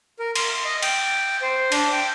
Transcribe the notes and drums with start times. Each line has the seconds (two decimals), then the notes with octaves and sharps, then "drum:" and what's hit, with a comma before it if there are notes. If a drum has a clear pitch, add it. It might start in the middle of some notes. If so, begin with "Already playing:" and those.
0.19 A#4
0.36 C6, drum: cymbal
0.65 D#5
0.83 G5, drum: cymbal
1.42 C5
1.72 D4, drum: cymbal
1.92 G5